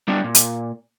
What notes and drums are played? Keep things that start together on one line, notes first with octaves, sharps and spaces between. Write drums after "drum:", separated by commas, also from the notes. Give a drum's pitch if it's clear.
G3 B3 D4 E4 G4
A#2
drum: hi-hat